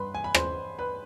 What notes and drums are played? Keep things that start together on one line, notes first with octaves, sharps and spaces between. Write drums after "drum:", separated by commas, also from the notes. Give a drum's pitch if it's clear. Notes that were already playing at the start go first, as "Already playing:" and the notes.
Already playing: G2 G3 B4 B5 C6
G#5
B5
C5 C6, drum: rim click
B4 B5